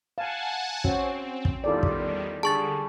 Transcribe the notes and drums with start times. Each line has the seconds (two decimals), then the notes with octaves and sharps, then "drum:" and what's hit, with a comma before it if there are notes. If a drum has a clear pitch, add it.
0.18 F5 F#5 G#5 A5
0.84 C4 C#4 F#4, drum: kick
1.45 drum: kick
1.64 E2 D#3 G3 F4 A4 D5
1.83 drum: kick
2.43 D3 G3 G#4 A5 C#6 A6